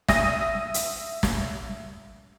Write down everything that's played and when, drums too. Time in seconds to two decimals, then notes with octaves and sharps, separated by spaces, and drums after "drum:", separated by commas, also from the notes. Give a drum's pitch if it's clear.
0.08 E5 D#6 A#6 D#7, drum: snare
0.74 drum: hi-hat
1.23 drum: snare